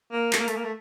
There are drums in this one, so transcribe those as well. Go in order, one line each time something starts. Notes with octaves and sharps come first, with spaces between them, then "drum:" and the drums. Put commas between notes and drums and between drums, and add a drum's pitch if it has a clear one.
A#3
A3, drum: clap
A#3
A3, drum: hi-hat
A#3
A3